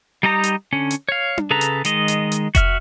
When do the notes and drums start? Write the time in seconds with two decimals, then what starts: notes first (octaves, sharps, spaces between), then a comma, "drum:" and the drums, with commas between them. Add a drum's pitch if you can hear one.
0.23 G3 D#4 G4 A#5 D#6
0.44 drum: hi-hat
0.72 D3 C#4
0.91 drum: hi-hat
1.09 C#5 F5
1.38 drum: tom D4
1.50 C#3 G#4 A4 B4 A#5
1.61 drum: hi-hat
1.85 D#3 G#3 D#5, drum: hi-hat
2.08 drum: hi-hat
2.32 drum: hi-hat
2.55 F#4 E5 F6, drum: kick F1, hi-hat